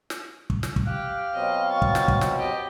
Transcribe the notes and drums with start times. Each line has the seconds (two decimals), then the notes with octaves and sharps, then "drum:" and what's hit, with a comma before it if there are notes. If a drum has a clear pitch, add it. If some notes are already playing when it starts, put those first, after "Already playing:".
0.10 drum: snare
0.50 drum: kick
0.63 drum: snare
0.76 drum: kick
0.87 G4 F5 F#6
1.34 B2 F#3 C4 D#5
1.69 C#6 A6
1.82 drum: kick
1.95 drum: snare
2.08 drum: kick
2.21 drum: snare
2.38 G4 D#5